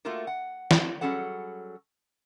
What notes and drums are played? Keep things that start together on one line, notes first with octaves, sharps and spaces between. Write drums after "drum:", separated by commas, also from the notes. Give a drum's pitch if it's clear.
A3 A#3 F4 F#4 A4 A#4
F#5
drum: snare
F#3 G3 C#4 G#4 A4 F#5